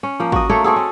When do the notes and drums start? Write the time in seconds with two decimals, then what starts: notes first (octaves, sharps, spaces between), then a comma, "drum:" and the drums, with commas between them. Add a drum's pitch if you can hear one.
0.03 C#4
0.20 F3 A#3
0.32 F#4 D#5, drum: kick G#1
0.49 A3 A#3 A4 C#5
0.64 C4 F#4 G#4 A4
0.76 C#4